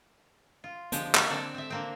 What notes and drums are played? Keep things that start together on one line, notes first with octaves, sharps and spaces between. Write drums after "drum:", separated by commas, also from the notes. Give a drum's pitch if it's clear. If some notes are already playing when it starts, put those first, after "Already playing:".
F4
D3 F3 G#3 G4, drum: hi-hat
F#3 G#3 A#3 G#5, drum: clap
D3 C4 A4 D5
C4 E5
D3 A#3 C4